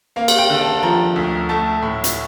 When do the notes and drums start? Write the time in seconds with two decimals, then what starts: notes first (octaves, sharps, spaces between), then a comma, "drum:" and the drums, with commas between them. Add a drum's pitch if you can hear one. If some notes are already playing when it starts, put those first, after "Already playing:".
0.16 A#3 F5
0.28 drum: cymbal
0.39 G5
0.50 D3
0.61 A5
0.83 F3 A#5
1.16 D2
1.49 A3 A5
1.82 A2
2.04 drum: hi-hat